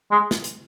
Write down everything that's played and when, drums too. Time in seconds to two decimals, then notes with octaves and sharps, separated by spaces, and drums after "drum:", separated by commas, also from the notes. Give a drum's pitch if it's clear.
0.11 G#3
0.31 drum: snare
0.44 drum: hi-hat